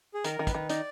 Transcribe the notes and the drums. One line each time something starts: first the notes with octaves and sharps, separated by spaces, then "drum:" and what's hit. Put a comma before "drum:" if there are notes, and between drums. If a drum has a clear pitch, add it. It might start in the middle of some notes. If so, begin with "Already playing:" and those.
G#4
D#3 A#4, drum: hi-hat
D#3
B4, drum: kick, hi-hat
D#3
D#4 D5, drum: hi-hat